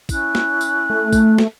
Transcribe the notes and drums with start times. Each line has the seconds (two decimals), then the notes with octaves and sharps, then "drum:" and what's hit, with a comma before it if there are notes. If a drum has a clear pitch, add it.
0.09 C#4 E4 F#6, drum: kick, tambourine
0.35 drum: snare
0.61 drum: tambourine
0.90 A3
1.13 drum: kick, tambourine
1.38 drum: snare